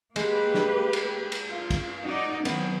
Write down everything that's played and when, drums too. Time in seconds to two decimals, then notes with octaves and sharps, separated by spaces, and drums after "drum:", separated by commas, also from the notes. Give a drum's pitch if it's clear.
0.16 G#3 A#3 G4 B4, drum: cymbal
0.54 drum: snare
0.93 drum: cymbal
1.32 drum: cymbal
1.49 F4
1.70 drum: kick, cymbal
2.03 D#4 F#4 D5
2.45 D#3 F#3 B3 C4, drum: cymbal